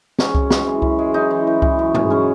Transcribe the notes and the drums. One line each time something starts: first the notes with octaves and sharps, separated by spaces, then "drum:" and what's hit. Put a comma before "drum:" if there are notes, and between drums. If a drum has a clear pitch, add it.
G#3 C#4, drum: snare
F#2, drum: kick C2
G#3, drum: snare
E3
F#2, drum: kick C2
G#3
F#2 D#4
E3
E3
E3, drum: kick C2
F#2
G#3, drum: tom
F#3 C#4